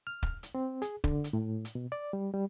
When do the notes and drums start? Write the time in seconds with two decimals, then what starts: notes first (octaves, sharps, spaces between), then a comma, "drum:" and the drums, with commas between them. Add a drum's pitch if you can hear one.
0.07 F6
0.23 drum: kick
0.43 drum: hi-hat
0.55 C4
0.82 G#4, drum: hi-hat
1.04 D3, drum: kick
1.24 drum: hi-hat
1.33 A2
1.65 drum: hi-hat
1.75 B2
1.92 D5
2.13 G3
2.34 G3